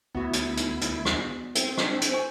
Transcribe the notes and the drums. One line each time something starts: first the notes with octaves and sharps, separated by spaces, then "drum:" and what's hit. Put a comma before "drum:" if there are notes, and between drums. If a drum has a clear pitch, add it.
D2 B3 E4 F#4
drum: hi-hat
drum: hi-hat
drum: hi-hat
drum: rim click
C4, drum: hi-hat
D4, drum: rim click
drum: hi-hat
C5 G#5 C#6